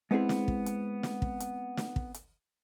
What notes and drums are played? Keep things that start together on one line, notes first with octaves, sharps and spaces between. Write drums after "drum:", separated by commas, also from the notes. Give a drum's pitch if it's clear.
G#3 B3 C4 E4 G#4
drum: snare
drum: kick
drum: hi-hat
drum: snare
drum: kick
drum: hi-hat
drum: snare
drum: kick
drum: hi-hat